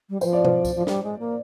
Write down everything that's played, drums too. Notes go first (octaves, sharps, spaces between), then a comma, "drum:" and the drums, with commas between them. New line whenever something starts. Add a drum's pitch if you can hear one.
G3
F3 C5, drum: tambourine
D5
C5, drum: tom B2
drum: kick C2, tambourine
F3
G3, drum: snare
G#3
A#3